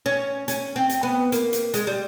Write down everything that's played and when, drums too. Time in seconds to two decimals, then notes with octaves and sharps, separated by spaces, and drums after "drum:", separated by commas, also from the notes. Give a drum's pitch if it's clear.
0.06 C#4
0.48 C#4, drum: hi-hat
0.76 C4
0.90 drum: hi-hat
1.03 B3
1.32 A#3, drum: hi-hat
1.53 drum: hi-hat
1.74 G#3, drum: hi-hat
1.87 G3